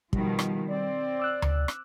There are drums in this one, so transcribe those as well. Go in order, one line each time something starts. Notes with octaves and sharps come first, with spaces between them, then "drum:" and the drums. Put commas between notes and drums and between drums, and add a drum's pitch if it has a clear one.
B2 D#3 F3 G3, drum: kick
drum: rim click
C4 D5
D6 E6 F#6
drum: tom D2
drum: rim click